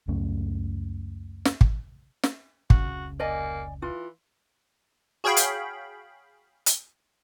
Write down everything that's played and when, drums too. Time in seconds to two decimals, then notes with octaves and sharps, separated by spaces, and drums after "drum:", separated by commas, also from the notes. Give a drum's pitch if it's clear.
0.08 C#2 F#2 A3 C#4
1.45 drum: snare
1.61 drum: kick
2.23 drum: snare
2.70 F1 C#2 C#3 F#4, drum: kick
3.20 A#3 D5 D#5 G#5
3.82 E3 F4
5.24 F#4 G#4 C#5 F5 G5 B5
5.37 drum: hi-hat
6.66 drum: hi-hat